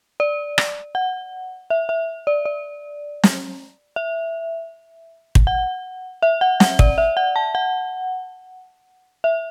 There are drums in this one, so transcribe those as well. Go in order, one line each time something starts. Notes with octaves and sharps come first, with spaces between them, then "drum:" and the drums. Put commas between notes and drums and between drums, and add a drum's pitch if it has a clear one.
D5
drum: rim click
F#5
E5
E5
D5
D5
drum: snare
E5
drum: kick
F#5
E5
F#5
F#5, drum: snare
D5, drum: kick
E5
F#5
A5
F#5
E5